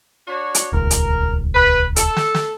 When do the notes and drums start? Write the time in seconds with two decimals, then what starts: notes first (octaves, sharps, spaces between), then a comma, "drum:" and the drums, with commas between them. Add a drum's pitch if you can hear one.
0.27 D4 F#4 C#5
0.55 drum: hi-hat
0.73 D#1 C#2 A#4
0.91 drum: hi-hat
1.55 B4
1.96 A4, drum: hi-hat
2.17 drum: snare
2.35 drum: snare